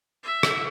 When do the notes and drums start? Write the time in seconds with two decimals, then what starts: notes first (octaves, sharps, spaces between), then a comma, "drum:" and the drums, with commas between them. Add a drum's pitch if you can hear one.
0.23 E5
0.43 drum: rim click